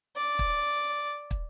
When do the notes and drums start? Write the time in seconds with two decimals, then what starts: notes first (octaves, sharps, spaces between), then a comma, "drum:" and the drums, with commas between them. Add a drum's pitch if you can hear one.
0.16 D5
0.39 drum: kick
1.31 drum: kick